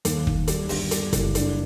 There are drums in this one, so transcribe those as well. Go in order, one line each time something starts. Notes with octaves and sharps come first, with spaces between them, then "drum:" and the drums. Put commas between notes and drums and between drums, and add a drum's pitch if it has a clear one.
D#2, drum: hi-hat
D#2, drum: kick
G3, drum: hi-hat
G1, drum: open hi-hat
G3, drum: hi-hat
F#1, drum: kick, hi-hat
D4, drum: hi-hat